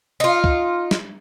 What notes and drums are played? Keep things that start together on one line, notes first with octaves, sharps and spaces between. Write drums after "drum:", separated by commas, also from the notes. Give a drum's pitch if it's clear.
D#4 F4
drum: kick
drum: snare